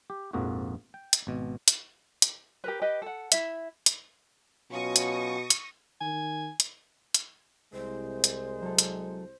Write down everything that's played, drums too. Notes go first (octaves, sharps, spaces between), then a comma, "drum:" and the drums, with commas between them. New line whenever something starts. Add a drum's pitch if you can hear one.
G4
A#1 F2 G#2 A#3 F#4
G5
drum: hi-hat
G#1 B2
drum: hi-hat
drum: hi-hat
G4 A#4 B4
G4 B4 D#5
A4 F#5
E4 E5, drum: hi-hat
drum: hi-hat
B2 F#3 C#4 F4 C#6 D#6 A#6
drum: hi-hat
drum: hi-hat
D#3 G#5
drum: hi-hat
drum: hi-hat
C2 G#3 C5
drum: hi-hat
F#3 A4
drum: hi-hat